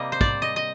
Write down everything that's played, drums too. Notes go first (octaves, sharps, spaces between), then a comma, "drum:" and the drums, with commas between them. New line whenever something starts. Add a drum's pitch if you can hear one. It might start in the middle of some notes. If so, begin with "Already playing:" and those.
Already playing: C3 G3 A#3 D#5
C5
D5, drum: kick
D#5
D#5